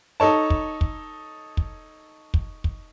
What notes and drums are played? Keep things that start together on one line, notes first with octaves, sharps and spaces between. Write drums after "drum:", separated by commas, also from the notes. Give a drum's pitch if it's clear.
D#4 A4 C#5 A5
drum: kick
drum: kick
drum: kick
drum: kick
drum: kick